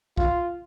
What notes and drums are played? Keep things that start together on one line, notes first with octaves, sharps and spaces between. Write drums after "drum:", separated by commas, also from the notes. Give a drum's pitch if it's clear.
F4, drum: kick